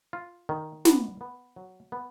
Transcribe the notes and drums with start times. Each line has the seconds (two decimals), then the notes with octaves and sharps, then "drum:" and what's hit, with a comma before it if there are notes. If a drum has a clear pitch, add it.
0.13 F4
0.49 D#3
0.85 B3, drum: snare
1.21 B3
1.56 F#3
1.92 B3